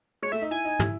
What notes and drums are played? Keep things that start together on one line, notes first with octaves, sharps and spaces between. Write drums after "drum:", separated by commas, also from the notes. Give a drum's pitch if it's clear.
G#3 C#5
A3 E5
D#4
E4 G#5
D#4
E4, drum: tom